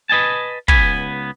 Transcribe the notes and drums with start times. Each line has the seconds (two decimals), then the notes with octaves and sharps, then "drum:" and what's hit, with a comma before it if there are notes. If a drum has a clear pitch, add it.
0.09 B4 D#5 G#5 A5
0.68 C#2 B3 G#5 B5, drum: kick